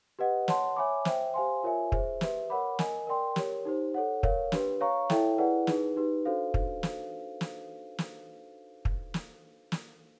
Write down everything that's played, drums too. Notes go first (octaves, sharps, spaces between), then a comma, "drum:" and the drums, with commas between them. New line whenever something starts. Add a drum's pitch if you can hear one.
G4 B4 D#5 F#5
C#5 F#5 A5 C6, drum: snare
C#5 E5 G#5 B5 D6
C5 E5 G5, drum: snare
G4 C5 F5 G#5 C6
F4 A#4 C#5 E5 G#5
G#4 C5 E5, drum: kick
G4 B4 E5, drum: snare
A#4 C#5 F#5 B5 D6
A#4 D#5 G#5, drum: snare
A#4 D5 G5 C6
G4 A#4 C#5, drum: snare
D#4 G4 C5
A4 C#5 F#5
A#4 C#5 F5, drum: kick
D4 G4 B4, drum: snare
C#5 F5 A#5 C#6
E4 A4 C#5 E5 G5, drum: snare
E4 G#4 B4 D5 F#5
D#4 G#4 B4, drum: snare
D#4 G4 B4
D4 F#4 A4 C5 F5
drum: kick
drum: snare
drum: snare
drum: snare
drum: kick
drum: snare
drum: snare